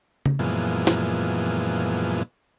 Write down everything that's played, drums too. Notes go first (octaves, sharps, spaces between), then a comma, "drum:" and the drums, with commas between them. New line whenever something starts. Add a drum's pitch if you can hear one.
drum: tom C#3
F#2 A#2 E3 F3 G#3 B3
drum: snare